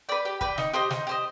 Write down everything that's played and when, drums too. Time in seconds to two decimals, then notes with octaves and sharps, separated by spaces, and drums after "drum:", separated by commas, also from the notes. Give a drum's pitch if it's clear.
0.09 B4 D5 G5
0.25 G4
0.41 B4 D5 G5, drum: kick
0.58 D#4, drum: snare
0.73 G4 C5 D#5
0.90 D#4, drum: snare
1.07 G4 C5 D#5